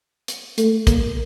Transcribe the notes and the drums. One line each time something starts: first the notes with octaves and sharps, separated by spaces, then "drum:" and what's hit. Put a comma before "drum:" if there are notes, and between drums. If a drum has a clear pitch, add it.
drum: hi-hat
A3, drum: hi-hat
A#3, drum: kick, hi-hat